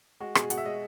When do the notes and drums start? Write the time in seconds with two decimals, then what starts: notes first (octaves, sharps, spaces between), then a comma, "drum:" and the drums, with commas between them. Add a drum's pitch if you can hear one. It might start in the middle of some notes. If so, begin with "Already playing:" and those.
0.20 G#3 F#4
0.35 B2 G#4, drum: rim click
0.50 B2 F#5, drum: hi-hat
0.58 E5
0.65 G#3 D#5